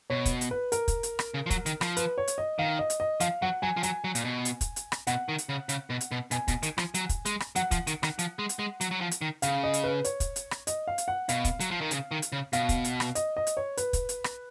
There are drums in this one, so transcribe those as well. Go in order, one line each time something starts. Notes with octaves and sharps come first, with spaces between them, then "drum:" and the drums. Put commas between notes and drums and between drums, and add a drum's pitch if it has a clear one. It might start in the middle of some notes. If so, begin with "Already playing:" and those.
B2 C#5
drum: kick, hi-hat
drum: hi-hat
B4
A#4, drum: hi-hat
drum: kick, hi-hat
drum: hi-hat
drum: rim click
C#3
F3
F#3, drum: kick, hi-hat
D#3, drum: hi-hat
F3, drum: rim click
B4, drum: hi-hat
C#5
drum: hi-hat
D#5
D#3 F5
D#5
drum: hi-hat
D#5
F3 F5, drum: hi-hat
F#3 F#5
F#3 G#5
F3
F#3 G#5, drum: hi-hat
F#3
A#2, drum: hi-hat
B2
drum: hi-hat
drum: kick, hi-hat
drum: hi-hat
drum: rim click
B2 F#5, drum: hi-hat
D#3
drum: hi-hat
C#3
C#3, drum: hi-hat
B2
drum: hi-hat
B2
B2 G#5, drum: hi-hat
B2, drum: kick, hi-hat
D#3, drum: hi-hat
F3, drum: rim click
F#3, drum: hi-hat
drum: kick, hi-hat
G#3, drum: hi-hat
drum: rim click
F#3 F#5, drum: hi-hat
F3, drum: kick, hi-hat
D#3, drum: hi-hat
D#3, drum: rim click
F3, drum: hi-hat
G#3
drum: hi-hat
G#3
F#3, drum: hi-hat
F#3
F3
drum: hi-hat
D#3
C#3 F5, drum: hi-hat
D#5
drum: hi-hat
B4
C#5, drum: hi-hat
drum: kick, hi-hat
drum: hi-hat
drum: rim click
D#5, drum: hi-hat
F5
drum: hi-hat
F#5
B2 F5, drum: hi-hat
drum: kick, hi-hat
F#3, drum: hi-hat
F3
D#3
C#3, drum: hi-hat
D#3
drum: hi-hat
C#3
B2 F5, drum: hi-hat
drum: kick, hi-hat
drum: hi-hat
drum: rim click
D#5, drum: hi-hat
D#5
drum: hi-hat
C#5
B4, drum: hi-hat
drum: kick, hi-hat
drum: hi-hat
drum: rim click